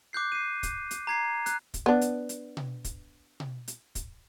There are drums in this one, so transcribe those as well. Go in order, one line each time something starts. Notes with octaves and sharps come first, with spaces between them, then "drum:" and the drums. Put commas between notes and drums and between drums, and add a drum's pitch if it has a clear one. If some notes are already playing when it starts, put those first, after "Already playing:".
D6 F#6 G6 C7
C7 D#7
drum: kick, hi-hat
drum: hi-hat
A#5 G#6 C7
F#6, drum: hi-hat
drum: kick, hi-hat
B3 D4
drum: hi-hat
drum: hi-hat
drum: tom B2
drum: kick, hi-hat
drum: tom B2
drum: hi-hat
drum: kick, hi-hat